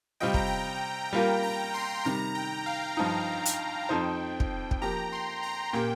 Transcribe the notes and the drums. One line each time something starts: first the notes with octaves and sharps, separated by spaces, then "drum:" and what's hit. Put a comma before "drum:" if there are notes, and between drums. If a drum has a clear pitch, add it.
C3 G3 C4 F4 D#5 G5
A#5, drum: kick
G5
G3 A#3 F4 A#4
A#5
C6
C3 D#3 G3 A#5
G5
F5
G2 F3 D#4 G5
drum: hi-hat
F2 F3 D#4 C5
drum: kick
drum: kick
F3 A#3 G4 A#5
C6
A#5
A#2 A#3 G4 G5